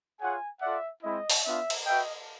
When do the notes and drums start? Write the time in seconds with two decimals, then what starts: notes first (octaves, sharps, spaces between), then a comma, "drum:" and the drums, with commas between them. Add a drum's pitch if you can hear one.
0.20 F4 G#4 C#5 F#5 G#5
0.62 F4 A4 D5 E5 F#5
1.03 G#3 C4 E4 D#5
1.30 drum: open hi-hat
1.44 B3 D4 F4 E5
1.70 drum: cymbal
1.85 F#4 B4 D#5 E5 G5